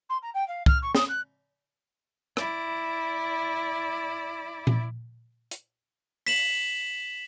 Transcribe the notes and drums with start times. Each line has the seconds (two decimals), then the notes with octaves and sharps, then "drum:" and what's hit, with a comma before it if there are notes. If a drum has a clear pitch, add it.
0.09 C6
0.22 A#5
0.34 G5
0.47 F5
0.66 F6, drum: kick
0.82 C#6
0.95 D#6, drum: snare
1.08 F#6
2.37 E4 D5, drum: rim click
4.67 drum: tom A#2
5.51 drum: hi-hat
6.27 B6 E7 F#7, drum: open hi-hat